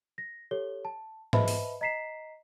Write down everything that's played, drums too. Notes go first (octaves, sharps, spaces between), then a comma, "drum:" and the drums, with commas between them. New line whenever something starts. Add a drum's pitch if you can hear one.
A#6
G4 A4 C#5 G7
A5
B4 C5 D#5 E5 A5 B5, drum: tom G#2
drum: open hi-hat
D#5 A#5 B6 C7 E7